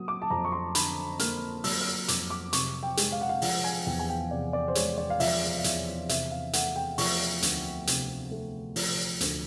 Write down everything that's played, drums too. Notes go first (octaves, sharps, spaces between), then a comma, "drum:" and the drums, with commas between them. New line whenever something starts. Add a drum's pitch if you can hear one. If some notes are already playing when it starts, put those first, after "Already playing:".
Already playing: F#3 A#3 D#6
D6
A5
F2 A#5
C#6
C6
D3 B5, drum: hi-hat
A#3 F6, drum: hi-hat
F#3 E6, drum: open hi-hat
F6
E6
F2 D6, drum: hi-hat
D6
C3 C#6, drum: hi-hat
G5
G#3, drum: hi-hat
F5
F#5
F5
F3 F#5, drum: open hi-hat
G#5
E2 G5
G#5
G5
C3 D5
D5
C5
G#3 C#5, drum: hi-hat
D5
F5
F3 E5, drum: open hi-hat
F5
E2 E5, drum: hi-hat
C3 E5, drum: hi-hat
F5
A3 F#5, drum: hi-hat
G5
F3 C#6, drum: open hi-hat
D2, drum: hi-hat
C3, drum: hi-hat
A3
F3, drum: open hi-hat
D2, drum: hi-hat